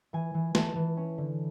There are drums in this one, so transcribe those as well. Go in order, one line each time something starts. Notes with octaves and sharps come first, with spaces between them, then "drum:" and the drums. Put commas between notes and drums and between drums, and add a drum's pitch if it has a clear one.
E3 G#5
E3
E3 A5, drum: snare A3
E3
C#4
D3